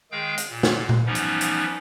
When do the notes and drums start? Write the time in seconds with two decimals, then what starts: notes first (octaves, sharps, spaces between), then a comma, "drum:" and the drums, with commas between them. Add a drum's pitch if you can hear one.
0.12 D#3 G#3 G#4 F5 G5 G6
0.38 drum: hi-hat
0.50 A#2
0.63 drum: snare
0.89 drum: tom A#2
1.06 E3 F3 G3 B3 C#4 D#4
1.15 drum: hi-hat
1.41 drum: hi-hat